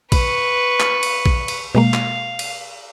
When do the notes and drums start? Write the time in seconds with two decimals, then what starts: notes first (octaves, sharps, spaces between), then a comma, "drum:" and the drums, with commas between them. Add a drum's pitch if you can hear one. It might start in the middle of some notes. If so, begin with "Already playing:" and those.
0.12 B4 B5 C#6, drum: kick, cymbal
0.80 drum: clap
1.03 drum: cymbal
1.26 drum: kick
1.48 drum: cymbal
1.75 B2 G#3 A#3 F5
1.94 drum: clap
2.39 drum: cymbal